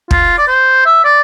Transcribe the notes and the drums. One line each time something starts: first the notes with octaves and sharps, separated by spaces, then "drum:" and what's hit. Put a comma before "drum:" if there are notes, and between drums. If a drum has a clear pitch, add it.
F4, drum: kick
D5
C5
E5
D5